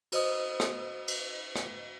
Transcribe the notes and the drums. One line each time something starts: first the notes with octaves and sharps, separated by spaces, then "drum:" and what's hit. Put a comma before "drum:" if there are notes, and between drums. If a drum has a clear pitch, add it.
F#4 C5 D#5 D#6, drum: cymbal
drum: rim click
drum: cymbal
drum: rim click